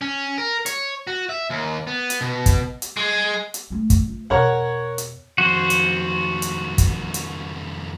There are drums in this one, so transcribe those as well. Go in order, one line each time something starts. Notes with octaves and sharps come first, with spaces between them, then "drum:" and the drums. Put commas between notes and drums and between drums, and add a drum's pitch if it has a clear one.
C#4
A#4
C#5, drum: hi-hat
F#4
E5
D#2
B3
drum: hi-hat
B2
drum: kick, hi-hat
drum: hi-hat
G#3
drum: hi-hat
G#3 A3
drum: kick, hi-hat
A3 F4
E2 B2 A#4 C#5 F#5
drum: hi-hat
F2 D#3 F#4 C5
drum: hi-hat
drum: hi-hat
drum: kick, hi-hat
drum: hi-hat